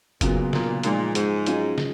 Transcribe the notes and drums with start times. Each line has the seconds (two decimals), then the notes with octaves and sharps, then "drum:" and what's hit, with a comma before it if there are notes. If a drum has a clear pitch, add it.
0.21 A#2 C#3 F#3 B3, drum: kick F#1, hi-hat
0.53 A#2, drum: snare
0.83 A#2 F3 G#3 D#4, drum: hi-hat
1.15 G#2, drum: hi-hat
1.46 F#3 C#4 F4 G#4 D#5, drum: hi-hat
1.78 drum: snare